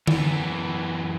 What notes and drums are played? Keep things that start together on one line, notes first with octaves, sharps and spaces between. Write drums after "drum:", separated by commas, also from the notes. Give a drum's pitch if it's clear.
F#2 E3 B3, drum: tom D3